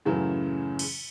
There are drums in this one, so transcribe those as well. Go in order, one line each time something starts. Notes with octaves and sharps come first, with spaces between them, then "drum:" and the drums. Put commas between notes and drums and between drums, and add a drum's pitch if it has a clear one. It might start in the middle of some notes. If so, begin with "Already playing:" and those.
F#2 A2 C#3 E3 F#3
drum: cymbal